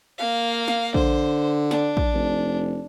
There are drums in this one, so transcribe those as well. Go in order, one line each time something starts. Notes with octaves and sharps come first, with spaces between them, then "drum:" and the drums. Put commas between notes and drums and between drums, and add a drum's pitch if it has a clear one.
A#3 F5
drum: snare
D3 C5, drum: kick
D4, drum: snare
drum: kick
F1